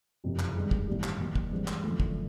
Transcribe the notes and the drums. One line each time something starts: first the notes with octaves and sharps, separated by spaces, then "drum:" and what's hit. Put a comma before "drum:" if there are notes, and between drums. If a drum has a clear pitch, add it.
F#1 F2 C3
drum: clap
G2 D#3 G#3
drum: kick
A1 G2 D#3 G3
drum: clap
D#2 D#3 F#3
drum: kick
G2 E3 G#3 C4
drum: clap
F#2 D3 F3 A3
drum: kick